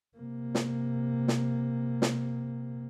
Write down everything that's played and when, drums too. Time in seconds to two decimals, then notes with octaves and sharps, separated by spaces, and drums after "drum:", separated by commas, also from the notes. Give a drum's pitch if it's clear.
0.18 C3 A#3
0.55 drum: snare
1.28 drum: snare
2.02 drum: snare